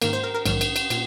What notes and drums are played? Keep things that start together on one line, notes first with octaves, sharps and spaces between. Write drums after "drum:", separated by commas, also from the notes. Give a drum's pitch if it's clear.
G#2 D#3 A#3 A#4, drum: cymbal
C5
A#4
A#4
A#1 G#2 D#3 F#3, drum: cymbal
drum: cymbal
drum: cymbal
A#2, drum: cymbal